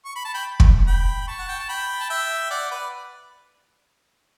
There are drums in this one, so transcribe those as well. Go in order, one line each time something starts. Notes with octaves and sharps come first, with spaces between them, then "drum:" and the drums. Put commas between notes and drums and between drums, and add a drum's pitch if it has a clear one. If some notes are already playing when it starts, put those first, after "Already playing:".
C#6
B5
A5
G5 B5
drum: kick
G5 B5
B5
A5 C#6
F#5
G5
A5
G5 B5
A5
E5 G5
D5 F#5
B4 D5